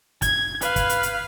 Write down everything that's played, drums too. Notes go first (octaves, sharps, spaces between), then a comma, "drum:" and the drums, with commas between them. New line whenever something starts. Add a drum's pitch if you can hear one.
G#6, drum: kick, hi-hat
B4 F5, drum: hi-hat
drum: kick, hi-hat
drum: hi-hat
drum: hi-hat